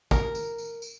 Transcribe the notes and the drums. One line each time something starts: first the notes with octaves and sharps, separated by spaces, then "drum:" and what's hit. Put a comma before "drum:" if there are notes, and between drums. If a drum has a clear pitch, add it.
A#4, drum: kick, tambourine
drum: tambourine
drum: tambourine
drum: tambourine